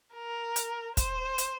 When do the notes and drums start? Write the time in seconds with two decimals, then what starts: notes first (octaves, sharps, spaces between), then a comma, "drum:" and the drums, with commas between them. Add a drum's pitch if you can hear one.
0.14 A#4
0.56 drum: hi-hat
0.97 C5, drum: kick, hi-hat
1.38 drum: hi-hat